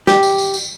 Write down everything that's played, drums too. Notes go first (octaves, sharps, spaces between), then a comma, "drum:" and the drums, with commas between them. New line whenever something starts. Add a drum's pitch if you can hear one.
G4, drum: snare
drum: tambourine
drum: tambourine
drum: tambourine